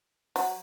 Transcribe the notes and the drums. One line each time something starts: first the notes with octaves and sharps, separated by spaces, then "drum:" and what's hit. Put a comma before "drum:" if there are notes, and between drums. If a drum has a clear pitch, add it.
F#3, drum: open hi-hat